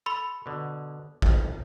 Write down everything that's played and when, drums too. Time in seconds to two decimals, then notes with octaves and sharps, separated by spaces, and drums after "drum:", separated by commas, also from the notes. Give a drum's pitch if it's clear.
0.06 A4 B5 C6 E6
0.46 B2 D3
1.22 B1 F2, drum: kick A1